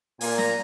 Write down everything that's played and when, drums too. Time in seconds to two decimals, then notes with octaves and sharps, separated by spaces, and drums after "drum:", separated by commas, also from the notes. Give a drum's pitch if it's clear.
0.21 A#2 G#5, drum: open hi-hat
0.38 A#5, drum: snare